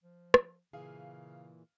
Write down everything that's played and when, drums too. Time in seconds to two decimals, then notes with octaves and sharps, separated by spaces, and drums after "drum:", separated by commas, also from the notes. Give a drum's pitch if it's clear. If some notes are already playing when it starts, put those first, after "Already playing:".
0.04 F3
0.34 drum: rim click
0.73 A#2 C#3 E3 G#4 F5